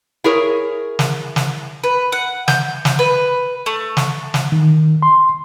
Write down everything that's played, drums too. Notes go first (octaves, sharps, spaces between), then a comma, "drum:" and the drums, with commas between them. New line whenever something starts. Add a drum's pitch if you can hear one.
E4 G#4 A#4 C#5
drum: snare
drum: snare
B4
F#5
G6, drum: snare
drum: snare
B4
A3
drum: snare
drum: snare
D#3
C6